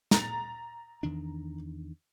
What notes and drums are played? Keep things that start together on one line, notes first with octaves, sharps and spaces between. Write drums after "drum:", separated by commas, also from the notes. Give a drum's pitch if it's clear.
A#5 A6, drum: snare
E2 D#3 D4